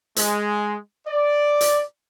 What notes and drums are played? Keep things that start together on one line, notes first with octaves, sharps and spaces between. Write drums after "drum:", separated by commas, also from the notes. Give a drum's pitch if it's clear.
G#3, drum: hi-hat
D5
drum: hi-hat